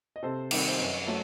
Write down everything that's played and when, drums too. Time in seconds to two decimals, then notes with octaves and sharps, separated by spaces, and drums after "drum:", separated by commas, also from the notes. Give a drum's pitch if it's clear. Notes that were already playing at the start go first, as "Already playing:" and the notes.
0.16 D#5
0.23 C3 A4 C5
0.51 D#3 G3 C4, drum: cymbal
0.68 C5
0.78 F#2 B4 D#5
1.07 F#3 A3